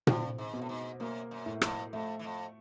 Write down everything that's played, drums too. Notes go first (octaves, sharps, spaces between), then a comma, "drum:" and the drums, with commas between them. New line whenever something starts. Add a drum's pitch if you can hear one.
G2 C4, drum: tom A#2
G#2
B2
A2
G#2
F#2 A#3
F#2
A2
F2, drum: rim click
F2 A3
E3
F2